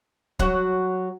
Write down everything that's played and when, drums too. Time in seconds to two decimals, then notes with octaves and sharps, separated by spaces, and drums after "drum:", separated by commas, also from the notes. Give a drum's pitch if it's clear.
0.39 F#3 F#4, drum: kick